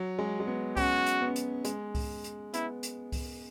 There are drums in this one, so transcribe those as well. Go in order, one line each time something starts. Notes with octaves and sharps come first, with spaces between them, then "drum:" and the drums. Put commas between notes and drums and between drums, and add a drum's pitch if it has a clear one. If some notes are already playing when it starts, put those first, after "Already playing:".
Already playing: F#3
G#3
G#3
B3
C#4 F#4, drum: kick C2, open hi-hat
drum: hi-hat
B3
drum: hi-hat
G#3, drum: hi-hat
drum: kick C2, open hi-hat
drum: hi-hat
B3 E4, drum: hi-hat
drum: hi-hat
drum: kick C2, open hi-hat